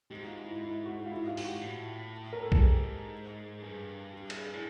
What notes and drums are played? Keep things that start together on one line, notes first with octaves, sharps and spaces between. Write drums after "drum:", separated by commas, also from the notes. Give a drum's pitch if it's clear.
G#2 G4
F#4
F4
E4
E4
F#4
F4
E4
F4
G4, drum: open hi-hat
F#4
A2
A#4
A4
G#4, drum: kick B1
G#2 G4
G2 G#4
G4
G#4, drum: cymbal
G#4
A2